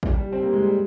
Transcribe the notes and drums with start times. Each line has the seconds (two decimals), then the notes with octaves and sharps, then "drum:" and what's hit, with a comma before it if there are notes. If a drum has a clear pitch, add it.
0.03 drum: kick
0.14 G3
0.32 C4
0.43 A#3
0.53 G#3
0.63 G3